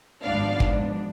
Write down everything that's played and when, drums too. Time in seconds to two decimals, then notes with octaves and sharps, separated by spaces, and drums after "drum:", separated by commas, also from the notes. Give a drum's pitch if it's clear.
0.23 G#1 G#2 F3 B3 D4 D5 F5
0.60 drum: kick